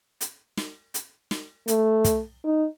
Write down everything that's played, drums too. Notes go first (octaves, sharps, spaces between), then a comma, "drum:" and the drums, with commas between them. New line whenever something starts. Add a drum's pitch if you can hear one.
drum: hi-hat
drum: snare
drum: hi-hat
drum: snare
A3, drum: hi-hat
drum: kick, hi-hat
D#4